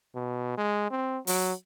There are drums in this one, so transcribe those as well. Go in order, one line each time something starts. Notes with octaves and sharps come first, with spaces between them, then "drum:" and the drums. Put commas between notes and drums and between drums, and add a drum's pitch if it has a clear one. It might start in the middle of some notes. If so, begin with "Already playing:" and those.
B2
G#3
C4
F#3, drum: open hi-hat